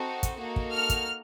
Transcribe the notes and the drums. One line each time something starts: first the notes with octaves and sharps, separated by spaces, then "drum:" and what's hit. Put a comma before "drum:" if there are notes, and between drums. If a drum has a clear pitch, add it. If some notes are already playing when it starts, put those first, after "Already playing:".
Already playing: C4 D#4 F#4 A4
drum: kick, hi-hat
A#3 D#4 F#4 A4
drum: kick
F6
drum: kick, hi-hat